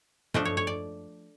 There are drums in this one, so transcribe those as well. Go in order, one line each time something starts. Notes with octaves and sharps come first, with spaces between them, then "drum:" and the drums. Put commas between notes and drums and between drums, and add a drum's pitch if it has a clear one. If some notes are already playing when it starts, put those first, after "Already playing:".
F3 A3 D4 D#5, drum: tom
C#5
C#5
D5